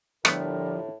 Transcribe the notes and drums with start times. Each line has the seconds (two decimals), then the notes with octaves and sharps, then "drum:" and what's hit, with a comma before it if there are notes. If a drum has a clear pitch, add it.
0.25 A2 D3 F3 G3 A3 B3 A#4, drum: rim click